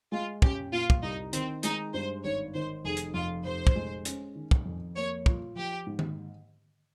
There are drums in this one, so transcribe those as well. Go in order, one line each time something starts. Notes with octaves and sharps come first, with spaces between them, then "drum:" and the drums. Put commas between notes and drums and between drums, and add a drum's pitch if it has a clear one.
G#3 F4
C#4 G4, drum: kick
A#2 F4
drum: kick
C2 D#4
D#3 C4, drum: hi-hat
G#3 D#4, drum: hi-hat
G2 C5
G#1 C#5
D#3 C5
F1 G#4
drum: hi-hat
F2 F4
F1 C5
drum: kick
G#3
C#4, drum: hi-hat
D#3
drum: kick
F2
A#3 C#5
F4, drum: kick
F3 G4
G#2
drum: tom D#3